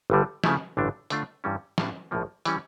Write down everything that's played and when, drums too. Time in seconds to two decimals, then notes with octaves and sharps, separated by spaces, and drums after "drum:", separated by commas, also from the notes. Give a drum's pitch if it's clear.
0.10 G1 G2 D3 G3
0.44 C#3 F3 A3 E4, drum: snare
0.77 A1 G2 D3 A3 D4
1.10 D3 A3 D4 F4, drum: hi-hat
1.44 G2 E3 G3 C#4
1.78 A2 G3 D4 F4, drum: snare
2.11 A#1 A2 F3 A#3
2.45 E3 G3 C#4, drum: hi-hat